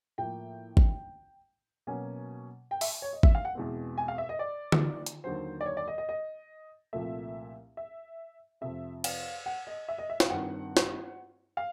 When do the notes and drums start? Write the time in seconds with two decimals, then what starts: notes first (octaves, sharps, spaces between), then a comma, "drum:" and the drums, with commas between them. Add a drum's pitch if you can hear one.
0.18 A2 F3 A#3 G5
0.77 drum: kick
1.87 B2 F#3 A#3 C#4 G#5
2.71 G5
2.81 E5, drum: open hi-hat
3.02 C#5
3.13 D#5
3.23 E5, drum: kick
3.35 F5
3.45 F#5
3.55 E2 B2 G#3 C4
3.98 G#5
4.08 F5
4.18 E5
4.29 D#5
4.39 D5
4.72 drum: tom D3
5.06 drum: hi-hat
5.24 D#2 D3 F#3 C5
5.61 D5
5.66 C#5
5.77 D5
5.88 D#5
5.98 D#5
6.09 D#5
6.93 C2 A#2 F3 A3 E5
7.77 E5
8.61 F2 C3 F3 E5
9.04 F5, drum: cymbal
9.46 F#5
9.67 D#5
9.89 E5
9.98 D#5
10.10 E5
10.20 F5, drum: snare
10.30 G2 D#3 G3 C4 F#5
10.77 drum: snare
11.57 F5